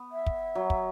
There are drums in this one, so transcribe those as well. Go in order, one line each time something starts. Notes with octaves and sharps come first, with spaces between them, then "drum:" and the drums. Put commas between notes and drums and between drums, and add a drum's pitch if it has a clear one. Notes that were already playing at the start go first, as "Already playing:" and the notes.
Already playing: B3
E5
drum: kick
F#3
drum: kick